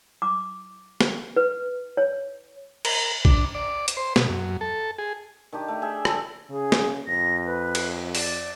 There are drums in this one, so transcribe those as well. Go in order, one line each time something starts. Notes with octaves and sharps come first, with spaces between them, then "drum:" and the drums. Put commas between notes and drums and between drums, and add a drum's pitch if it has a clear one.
D6
drum: snare
B4
C#5
A#4, drum: cymbal
D4, drum: kick A#1
D5
drum: hi-hat
C5
B2, drum: snare
F#2
A4
G#4
D#3 D4 G4
A3
G#4 E5 G5
A4, drum: rim click
C#3 G#4
drum: snare
F2 A#6
B4
drum: cymbal
D5, drum: open hi-hat